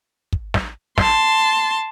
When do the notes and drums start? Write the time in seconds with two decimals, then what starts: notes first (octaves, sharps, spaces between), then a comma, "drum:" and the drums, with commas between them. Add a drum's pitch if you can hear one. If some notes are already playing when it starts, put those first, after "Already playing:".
0.33 drum: kick
0.54 drum: snare
0.98 A5 C6, drum: snare